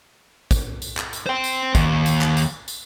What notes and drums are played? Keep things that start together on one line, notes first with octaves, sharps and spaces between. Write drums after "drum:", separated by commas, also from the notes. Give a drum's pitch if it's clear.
drum: kick, tambourine
drum: tambourine
drum: clap
drum: tambourine
C5 G5
drum: tambourine
D#2, drum: kick, tambourine
drum: tambourine
drum: clap
drum: tambourine
drum: tambourine